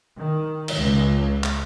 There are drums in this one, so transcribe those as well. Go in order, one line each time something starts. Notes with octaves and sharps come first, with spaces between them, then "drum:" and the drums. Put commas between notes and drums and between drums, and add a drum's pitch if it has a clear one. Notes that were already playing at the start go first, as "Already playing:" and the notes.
D#3
drum: cymbal
C#2
drum: clap